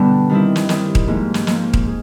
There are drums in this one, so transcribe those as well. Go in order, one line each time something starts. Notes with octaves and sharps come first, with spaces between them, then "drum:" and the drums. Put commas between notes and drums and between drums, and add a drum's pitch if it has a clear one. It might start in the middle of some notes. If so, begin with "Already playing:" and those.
Already playing: G2 B2 D3 G3 B3 D4
D#3 G3 C4 E4
drum: snare
D#3 G3 C4 E4, drum: snare
drum: kick D#1
G#2 F3 A#3
drum: snare
G#2 F3 A#3, drum: snare
drum: kick D#1
G#4